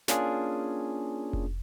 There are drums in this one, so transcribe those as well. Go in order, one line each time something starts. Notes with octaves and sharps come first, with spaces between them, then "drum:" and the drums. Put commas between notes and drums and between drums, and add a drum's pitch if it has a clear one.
A#3 C#4 D4 F4 G#4, drum: snare
drum: kick F1